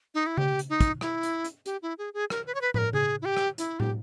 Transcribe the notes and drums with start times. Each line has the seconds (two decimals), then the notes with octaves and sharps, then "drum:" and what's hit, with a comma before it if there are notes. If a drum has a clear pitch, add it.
0.15 D#4
0.27 E4
0.37 G4, drum: tom C#3
0.59 drum: hi-hat
0.69 D#4
0.81 drum: kick, hi-hat
1.01 E4, drum: rim click
1.23 drum: hi-hat
1.45 drum: hi-hat
1.66 G4, drum: hi-hat
1.82 E4
1.98 G#4
2.14 G#4
2.30 A#4, drum: rim click
2.46 B4
2.55 C#5
2.61 B4
2.74 B4, drum: tom
2.78 A#4
2.93 G#4, drum: tom C#3
3.22 E4
3.25 G4
3.37 drum: rim click
3.58 E4, drum: hi-hat
3.80 G4, drum: tom